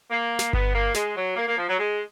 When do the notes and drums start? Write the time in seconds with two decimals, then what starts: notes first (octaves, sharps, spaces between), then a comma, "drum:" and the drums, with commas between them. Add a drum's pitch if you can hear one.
0.11 A#3
0.39 drum: snare
0.53 B3, drum: kick G1
0.74 A#3
0.94 G#3, drum: snare
1.16 F#3
1.36 A#3
1.47 A#3
1.57 F3
1.69 F#3
1.79 G#3